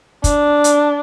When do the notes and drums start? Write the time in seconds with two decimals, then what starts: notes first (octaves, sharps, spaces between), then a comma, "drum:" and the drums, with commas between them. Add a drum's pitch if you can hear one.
0.24 D4, drum: kick, hi-hat
0.64 drum: hi-hat